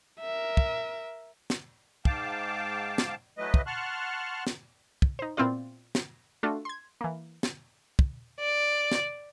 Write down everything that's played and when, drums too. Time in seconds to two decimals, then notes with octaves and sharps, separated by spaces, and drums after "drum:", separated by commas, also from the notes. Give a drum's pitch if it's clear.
0.20 A#4 E5
0.57 drum: kick
1.50 drum: snare
2.05 G#2 F5 G5 A5 D6, drum: kick
2.98 drum: snare
3.38 E3 F#3 A3 B4 D#5
3.54 drum: kick
3.66 F#5 A5 C6 C#6 F6 F#6
4.47 drum: snare
5.02 drum: kick
5.19 D#4 C5
5.37 A#2 B3 C4 E4 F4 D5
5.95 drum: snare
6.43 A3 D4 F4 F#4 A4
6.65 C6 G#6
7.01 E3 A#3
7.43 drum: snare
7.99 drum: kick
8.39 D5
8.92 drum: snare